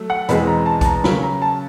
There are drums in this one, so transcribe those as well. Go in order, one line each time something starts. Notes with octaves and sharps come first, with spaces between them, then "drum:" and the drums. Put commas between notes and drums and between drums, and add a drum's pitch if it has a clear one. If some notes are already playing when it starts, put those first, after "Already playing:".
Already playing: F#3 A3
F#5
E2 B2 G#3 C4 B5, drum: hi-hat
A#5
A5
A5, drum: kick, hi-hat
A#5
C#3 F#3 A#3 C#4 B5, drum: snare
A#5
A5